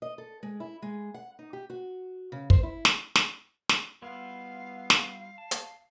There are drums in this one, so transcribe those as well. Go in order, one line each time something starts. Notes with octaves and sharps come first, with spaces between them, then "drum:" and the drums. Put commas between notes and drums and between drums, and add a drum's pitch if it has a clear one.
D#5
A4
G#3
E4
G#3
F#5
D#4
G4
F#4
C#3
C5, drum: kick
E4
drum: snare
drum: snare
drum: snare
G3 B3 E4 F4 F5
drum: snare
A5
drum: hi-hat